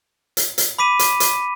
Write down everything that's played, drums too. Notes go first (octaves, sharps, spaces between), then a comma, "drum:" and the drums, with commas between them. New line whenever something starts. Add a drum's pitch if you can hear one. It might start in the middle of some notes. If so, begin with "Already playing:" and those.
drum: hi-hat
drum: hi-hat
B5 D6 B6 D#7
drum: hi-hat
drum: hi-hat